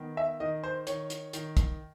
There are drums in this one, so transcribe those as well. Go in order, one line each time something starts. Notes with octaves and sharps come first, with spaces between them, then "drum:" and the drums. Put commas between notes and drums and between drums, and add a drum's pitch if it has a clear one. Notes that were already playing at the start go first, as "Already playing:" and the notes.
Already playing: D#3 B3
E5
D#3 D#5
C5
D#3 C#5, drum: hi-hat
drum: hi-hat
D#3, drum: hi-hat
drum: kick, hi-hat